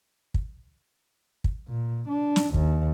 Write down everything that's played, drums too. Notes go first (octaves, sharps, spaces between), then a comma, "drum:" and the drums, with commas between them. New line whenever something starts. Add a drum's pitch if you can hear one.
drum: kick
drum: kick
A#2
D4
drum: snare
D#2, drum: kick